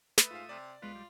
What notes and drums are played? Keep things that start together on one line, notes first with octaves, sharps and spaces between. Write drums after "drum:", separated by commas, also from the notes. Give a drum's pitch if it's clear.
A3 B4 E5 D#6, drum: snare
G#2 F4 F5
C3 D5
B1 G#3 B3 F4 B4 D7
G3